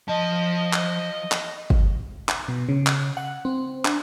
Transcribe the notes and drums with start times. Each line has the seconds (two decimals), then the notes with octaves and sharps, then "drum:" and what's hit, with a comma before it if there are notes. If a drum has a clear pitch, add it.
0.09 F3 D#5 A5
0.73 drum: clap
1.31 drum: clap
1.70 drum: kick
2.28 drum: clap
2.48 B2
2.69 C#3
2.87 drum: clap
3.17 F#5
3.45 C4
3.85 D4, drum: clap